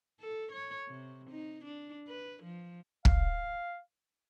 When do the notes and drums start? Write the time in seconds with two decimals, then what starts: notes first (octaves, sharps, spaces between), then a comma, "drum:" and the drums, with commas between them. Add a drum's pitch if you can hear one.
0.20 A4
0.52 C#5
0.88 C3
1.30 D#4
1.65 D4
2.08 B4
2.44 F3
3.05 F5, drum: kick